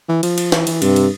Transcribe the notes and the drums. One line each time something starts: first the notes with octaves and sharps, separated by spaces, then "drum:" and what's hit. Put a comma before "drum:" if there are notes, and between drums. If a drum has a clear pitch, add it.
E3
F3, drum: cymbal
drum: cymbal
E3, drum: snare
E3, drum: cymbal
G2 C3, drum: cymbal
drum: cymbal